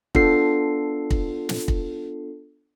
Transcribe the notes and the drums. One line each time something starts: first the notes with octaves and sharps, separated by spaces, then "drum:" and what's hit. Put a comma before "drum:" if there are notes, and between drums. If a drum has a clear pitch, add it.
B3 D4 F4 A4 C7, drum: kick
drum: kick
drum: snare
drum: kick